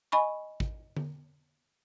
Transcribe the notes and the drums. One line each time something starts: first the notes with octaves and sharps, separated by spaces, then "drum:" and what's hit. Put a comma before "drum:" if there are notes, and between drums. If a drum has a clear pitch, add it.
D#5 G#5 B5 C#6
drum: kick
drum: tom D3